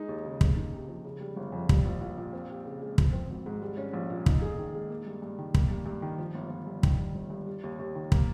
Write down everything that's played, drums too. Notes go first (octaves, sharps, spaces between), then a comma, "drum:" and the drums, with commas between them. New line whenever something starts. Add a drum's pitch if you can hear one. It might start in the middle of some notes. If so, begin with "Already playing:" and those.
Already playing: G#3 D#4
D#2
C#3
A#3, drum: kick
D#4
C3
F3
C#3
G3
G1
F2
G3, drum: kick
A#1
A#1
A#2
C4
G4
C#3
G#3
F3, drum: kick
C4
G#1
G#2
G3
C#4
A#1
A#2
D#4, drum: kick
G#4
D#3
G#3
A#3
G2
G2
D#3
A#3, drum: kick
G2
G2
D#3
F3
G1
G1
G2
D#3, drum: kick
G3
G1
G2
G3
D#2
D#2
D#3
A#3, drum: kick